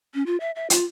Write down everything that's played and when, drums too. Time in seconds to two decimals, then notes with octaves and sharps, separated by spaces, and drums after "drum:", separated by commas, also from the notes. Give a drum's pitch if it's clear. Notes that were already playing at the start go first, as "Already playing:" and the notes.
0.15 C#4
0.26 F4
0.40 E5
0.56 E5
0.70 F4, drum: hi-hat